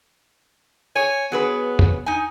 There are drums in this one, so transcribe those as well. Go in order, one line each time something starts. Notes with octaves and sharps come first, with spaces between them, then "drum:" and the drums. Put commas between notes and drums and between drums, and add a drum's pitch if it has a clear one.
C#5 G#5
F#3 B3 G#4 B4
drum: tom E2
D#4 G#5